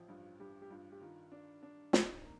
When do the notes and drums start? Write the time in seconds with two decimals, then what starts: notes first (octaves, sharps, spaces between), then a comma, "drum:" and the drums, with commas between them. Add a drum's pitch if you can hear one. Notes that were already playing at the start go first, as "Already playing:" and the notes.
Already playing: A1 F3
0.09 G2 F4
0.40 G2 G4
0.62 G4
0.70 G2 F4
0.92 G4
1.01 D#3 F4
1.32 D4
1.63 D4
1.93 C3 D#4, drum: snare
2.24 A#3